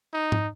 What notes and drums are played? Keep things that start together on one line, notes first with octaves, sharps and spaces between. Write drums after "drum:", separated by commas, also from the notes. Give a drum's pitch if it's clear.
D#4
drum: tom G#2